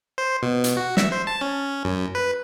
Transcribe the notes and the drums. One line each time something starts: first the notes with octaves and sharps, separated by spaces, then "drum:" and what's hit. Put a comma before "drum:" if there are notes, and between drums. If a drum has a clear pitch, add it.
C5
B2
drum: hi-hat
F#4
E5, drum: snare
C5
A5
C#4
F#2
B4